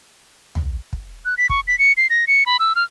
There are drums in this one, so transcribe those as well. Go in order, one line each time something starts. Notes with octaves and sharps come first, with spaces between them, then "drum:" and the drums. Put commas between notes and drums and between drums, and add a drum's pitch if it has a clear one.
drum: tom
drum: kick
F#6
B6
C#6, drum: kick
B6
C#7
C7
A#6
C#7
B5
E6
F6